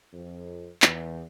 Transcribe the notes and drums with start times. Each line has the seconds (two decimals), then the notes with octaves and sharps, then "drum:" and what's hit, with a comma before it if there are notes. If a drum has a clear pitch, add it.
0.13 F2
0.82 E2, drum: clap